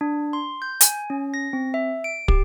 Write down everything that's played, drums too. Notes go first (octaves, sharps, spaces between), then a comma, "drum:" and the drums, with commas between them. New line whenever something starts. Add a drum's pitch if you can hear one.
D4
C6
G6
G#5, drum: hi-hat
C#4
A#6
C4
E5
D7
G4, drum: kick